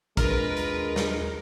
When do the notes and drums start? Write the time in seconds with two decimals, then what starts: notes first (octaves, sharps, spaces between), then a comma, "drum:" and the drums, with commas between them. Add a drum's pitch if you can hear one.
0.17 D#2 G#3 D4 F4 A#4 B4, drum: kick, hi-hat
0.57 drum: hi-hat
0.96 drum: snare